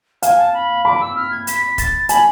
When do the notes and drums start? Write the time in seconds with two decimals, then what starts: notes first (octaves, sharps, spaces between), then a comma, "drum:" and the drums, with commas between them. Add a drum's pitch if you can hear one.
0.22 F5 G#5, drum: hi-hat
0.38 A5
0.54 B5
0.85 B5 D6
1.01 E6
1.16 F6
1.31 G#6
1.47 B6, drum: hi-hat
1.78 A6, drum: kick, hi-hat
2.09 G#5 B5, drum: hi-hat